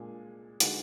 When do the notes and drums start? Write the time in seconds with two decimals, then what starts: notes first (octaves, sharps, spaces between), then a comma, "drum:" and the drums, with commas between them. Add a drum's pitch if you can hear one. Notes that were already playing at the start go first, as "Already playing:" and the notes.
Already playing: A#2 G#3 D4 G#4
0.60 D3 G#3 D#4 F#4 B4, drum: hi-hat